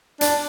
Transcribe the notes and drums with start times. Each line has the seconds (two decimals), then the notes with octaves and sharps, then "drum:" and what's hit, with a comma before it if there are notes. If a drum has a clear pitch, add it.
0.21 D4, drum: hi-hat